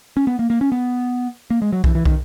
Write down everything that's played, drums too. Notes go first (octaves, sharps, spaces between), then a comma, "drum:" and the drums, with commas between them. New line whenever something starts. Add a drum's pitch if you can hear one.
C#4
B3
A#3
A#3
C#4
B3
A#3
G#3
F#3
E3, drum: kick
E3
D#3, drum: kick